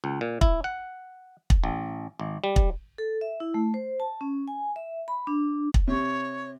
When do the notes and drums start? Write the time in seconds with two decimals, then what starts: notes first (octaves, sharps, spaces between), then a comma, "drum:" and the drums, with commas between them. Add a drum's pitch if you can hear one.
0.04 C#2
0.21 A#2
0.41 E4, drum: kick
0.64 F#5
1.50 drum: kick
1.64 A1
2.20 G#1
2.44 G3
2.56 drum: kick
2.98 A4
3.21 E5
3.40 E4
3.54 A3
3.74 C5
4.00 A5
4.21 C#4
4.48 G#5
4.76 E5
5.08 B5
5.27 D4
5.74 drum: kick
5.87 C3 C#5